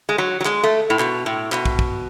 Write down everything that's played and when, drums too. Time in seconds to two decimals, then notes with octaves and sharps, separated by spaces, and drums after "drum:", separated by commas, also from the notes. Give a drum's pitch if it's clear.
0.09 G#3
0.18 F#3
0.41 F#3
0.45 G#3, drum: clap
0.63 A3
0.90 A2
0.99 B2, drum: clap
1.26 A2
1.52 B2, drum: clap
1.66 drum: kick
1.79 drum: kick